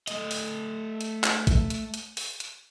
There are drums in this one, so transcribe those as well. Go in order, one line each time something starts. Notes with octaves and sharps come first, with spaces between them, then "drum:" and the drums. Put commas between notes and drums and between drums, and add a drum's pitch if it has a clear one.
A3 D#5, drum: hi-hat
drum: open hi-hat
drum: hi-hat
drum: clap
drum: kick, hi-hat
drum: hi-hat
drum: hi-hat
drum: open hi-hat
drum: hi-hat